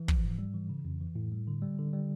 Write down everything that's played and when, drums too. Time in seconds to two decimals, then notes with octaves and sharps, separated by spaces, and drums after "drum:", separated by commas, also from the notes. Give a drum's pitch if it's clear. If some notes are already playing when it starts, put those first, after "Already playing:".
Already playing: E3
0.08 F3, drum: kick
0.24 G#2
0.39 G3
0.54 E3
0.69 C#3
0.85 F2
1.01 E3
1.16 A2
1.32 G3
1.47 D3
1.62 G3
1.79 D3
1.93 G3